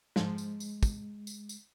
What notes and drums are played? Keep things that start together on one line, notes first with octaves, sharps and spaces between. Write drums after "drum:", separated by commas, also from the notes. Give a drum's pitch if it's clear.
G#2 F3 G#3, drum: snare
drum: tambourine
drum: tambourine
drum: kick, tambourine
drum: tambourine
drum: tambourine